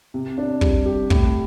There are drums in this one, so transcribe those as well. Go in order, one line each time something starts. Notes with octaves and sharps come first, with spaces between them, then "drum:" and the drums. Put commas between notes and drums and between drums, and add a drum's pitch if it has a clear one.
C3
D4
G3, drum: kick
G4
A2, drum: kick